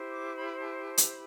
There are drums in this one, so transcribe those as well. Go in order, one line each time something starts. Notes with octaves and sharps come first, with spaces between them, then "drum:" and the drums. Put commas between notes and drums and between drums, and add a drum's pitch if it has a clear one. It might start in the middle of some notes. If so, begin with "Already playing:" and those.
Already playing: E4 G4 C5
D6
B5
A5
A5
drum: hi-hat
B5